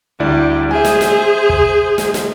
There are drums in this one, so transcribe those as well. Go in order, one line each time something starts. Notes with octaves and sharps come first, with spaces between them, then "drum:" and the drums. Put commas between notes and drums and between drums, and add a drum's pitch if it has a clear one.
D2 G3 E4 D5
G#4 C5 E5 G#5
drum: snare
drum: snare
drum: kick
drum: snare
drum: snare